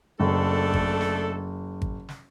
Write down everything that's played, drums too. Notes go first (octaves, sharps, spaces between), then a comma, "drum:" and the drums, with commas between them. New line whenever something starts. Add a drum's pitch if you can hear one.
F#1 A3 D4 A4
drum: kick G#1
drum: snare
drum: kick G#1
drum: snare